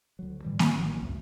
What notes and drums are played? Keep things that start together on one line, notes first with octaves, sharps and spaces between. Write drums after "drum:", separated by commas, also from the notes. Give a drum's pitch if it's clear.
D2 F#3
A2 D#3 E3 G3
E3 F#3 A#3, drum: snare A#3
A1 D#3 E3 F#3
C#2 F#2 A3